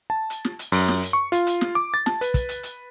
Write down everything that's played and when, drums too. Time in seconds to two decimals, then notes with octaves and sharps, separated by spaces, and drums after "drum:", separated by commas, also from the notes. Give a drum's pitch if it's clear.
0.10 A5
0.30 drum: hi-hat
0.45 drum: snare
0.59 drum: hi-hat
0.72 F#2, drum: open hi-hat
0.88 drum: snare
1.03 drum: hi-hat
1.13 C#6
1.32 F4, drum: hi-hat
1.47 drum: hi-hat
1.61 drum: snare
1.75 D6
1.94 A6
2.06 A5, drum: snare
2.21 B4, drum: hi-hat
2.34 drum: kick, hi-hat
2.49 drum: hi-hat
2.63 drum: hi-hat